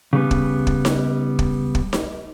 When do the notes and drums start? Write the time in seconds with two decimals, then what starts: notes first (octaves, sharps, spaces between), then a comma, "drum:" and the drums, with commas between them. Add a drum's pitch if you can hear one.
0.13 C#3 G3 B3
0.31 drum: kick
0.67 drum: kick
0.85 drum: snare D#4
1.39 drum: kick
1.75 drum: kick
1.93 drum: snare D#4